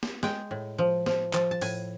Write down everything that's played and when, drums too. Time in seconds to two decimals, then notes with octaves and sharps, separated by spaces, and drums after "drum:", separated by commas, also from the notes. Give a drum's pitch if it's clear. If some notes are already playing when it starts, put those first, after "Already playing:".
0.03 drum: snare
0.23 G#3 G5, drum: snare
0.51 A2
0.78 F3
1.06 F3, drum: snare
1.33 F3 A5, drum: clap
1.51 A5
1.61 A2 G#5, drum: open hi-hat